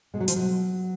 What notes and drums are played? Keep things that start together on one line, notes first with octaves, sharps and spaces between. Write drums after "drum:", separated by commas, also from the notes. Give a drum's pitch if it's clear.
B2 G#3
F#3
F3, drum: hi-hat
F#3